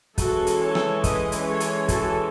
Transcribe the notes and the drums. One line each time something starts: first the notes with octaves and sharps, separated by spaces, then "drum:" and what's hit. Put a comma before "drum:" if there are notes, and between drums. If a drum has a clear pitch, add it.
E3 G#3 C#4 F#4 A4, drum: kick, hi-hat
drum: hi-hat
A4 C#5
drum: rim click
B4 D#5, drum: kick, hi-hat
drum: hi-hat
A4 C#5
drum: hi-hat
F#4 A4, drum: kick, hi-hat